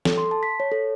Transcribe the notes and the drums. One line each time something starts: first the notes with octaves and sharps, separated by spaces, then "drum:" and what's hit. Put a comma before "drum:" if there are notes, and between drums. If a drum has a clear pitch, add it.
A4, drum: snare
C6
A5
B6
C#5
A4